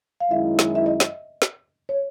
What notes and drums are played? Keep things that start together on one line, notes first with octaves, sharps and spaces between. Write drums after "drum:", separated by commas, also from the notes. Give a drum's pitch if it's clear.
F5
F#2 D#3 G#3 C#4 E4 E5
drum: snare
E5
D#5
drum: snare
drum: snare
C#5